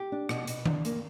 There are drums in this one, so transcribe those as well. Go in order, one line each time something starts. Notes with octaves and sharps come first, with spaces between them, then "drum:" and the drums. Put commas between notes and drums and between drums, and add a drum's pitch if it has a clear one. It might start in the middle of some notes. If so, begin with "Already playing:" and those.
Already playing: G4
D4
B2, drum: rim click
B2, drum: hi-hat
D4, drum: tom D#3
A#3, drum: hi-hat